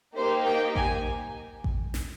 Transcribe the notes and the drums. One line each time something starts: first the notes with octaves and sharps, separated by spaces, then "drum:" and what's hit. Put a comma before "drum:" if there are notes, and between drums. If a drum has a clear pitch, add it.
A#3 D#4 G4 C5
G5
G#5, drum: kick A1
drum: kick A1
drum: snare